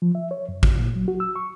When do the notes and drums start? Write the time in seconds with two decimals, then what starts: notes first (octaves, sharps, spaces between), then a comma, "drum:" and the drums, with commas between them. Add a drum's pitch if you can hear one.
0.02 F3
0.15 E5
0.31 C#5
0.49 F#2
0.63 F#2, drum: kick A1
0.77 A#2
0.95 F#3
1.08 F#4
1.20 E6
1.36 C#6